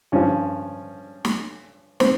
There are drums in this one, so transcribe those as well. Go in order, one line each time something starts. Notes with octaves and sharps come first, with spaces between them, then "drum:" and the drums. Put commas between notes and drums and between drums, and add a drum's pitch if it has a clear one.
G2 F3 C#4
drum: snare
C4, drum: snare